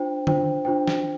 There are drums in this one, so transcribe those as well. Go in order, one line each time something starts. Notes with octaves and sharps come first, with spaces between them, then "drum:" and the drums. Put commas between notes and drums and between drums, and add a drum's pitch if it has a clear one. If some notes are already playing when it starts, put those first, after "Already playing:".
Already playing: D4 F4 C5 G5
D4 F4 C5 G5, drum: tom D3
D4 F4 C5 G5
drum: snare